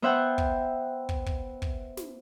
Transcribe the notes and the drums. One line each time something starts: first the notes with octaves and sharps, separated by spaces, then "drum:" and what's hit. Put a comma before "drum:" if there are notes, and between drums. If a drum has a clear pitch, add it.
B3 C5 E5 F#5 G5
drum: kick
drum: kick
drum: kick
drum: kick
drum: snare